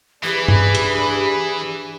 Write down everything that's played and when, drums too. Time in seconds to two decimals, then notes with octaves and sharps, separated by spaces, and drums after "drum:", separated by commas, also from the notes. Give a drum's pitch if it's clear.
0.24 E3 D4 G4 G#4 B4 B5
0.48 drum: tom G2
0.75 drum: hi-hat